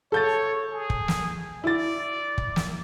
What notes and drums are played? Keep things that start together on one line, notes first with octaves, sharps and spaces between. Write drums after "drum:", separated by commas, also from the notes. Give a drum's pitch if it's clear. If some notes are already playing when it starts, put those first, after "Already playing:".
A4 C#5 G6 A6
G#4
drum: kick
drum: snare
E4 D5 A6
drum: kick
drum: snare